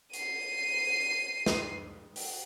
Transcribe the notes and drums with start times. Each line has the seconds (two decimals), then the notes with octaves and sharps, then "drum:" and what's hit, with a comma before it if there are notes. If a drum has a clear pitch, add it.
0.13 C7 D#7, drum: hi-hat
1.46 drum: snare
2.16 drum: open hi-hat